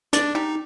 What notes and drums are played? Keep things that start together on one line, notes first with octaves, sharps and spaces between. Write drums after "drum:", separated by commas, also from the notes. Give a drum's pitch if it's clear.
D4 D5, drum: hi-hat
D#4 G4